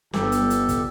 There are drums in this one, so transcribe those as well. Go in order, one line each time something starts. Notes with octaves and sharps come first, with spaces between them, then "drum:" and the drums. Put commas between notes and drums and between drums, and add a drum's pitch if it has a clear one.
G1 G4 A4, drum: snare
drum: hi-hat
drum: hi-hat
drum: kick, hi-hat